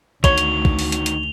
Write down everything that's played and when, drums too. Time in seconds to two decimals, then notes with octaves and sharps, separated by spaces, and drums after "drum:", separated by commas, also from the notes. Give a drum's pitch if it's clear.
0.24 D2 D#3 F#4 C#5 F7 G7, drum: kick, hi-hat
0.38 drum: hi-hat
0.65 drum: kick
0.79 drum: open hi-hat
0.92 drum: hi-hat
1.06 drum: hi-hat